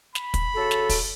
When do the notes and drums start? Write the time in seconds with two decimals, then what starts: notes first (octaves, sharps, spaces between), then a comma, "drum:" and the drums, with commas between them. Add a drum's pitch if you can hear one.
0.15 B5, drum: snare
0.34 drum: kick, hi-hat
0.55 C#3 F#4 A4
0.71 drum: snare
0.89 drum: kick, open hi-hat